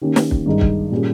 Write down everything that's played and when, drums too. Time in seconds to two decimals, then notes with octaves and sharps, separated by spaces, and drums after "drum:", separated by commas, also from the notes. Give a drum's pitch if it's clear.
0.02 D#3 A#3 C#4 G4
0.16 drum: snare
0.31 drum: kick
0.46 G2 D#3 G#3 D#4
0.61 drum: kick
0.91 A#2 G3 C#4 G#4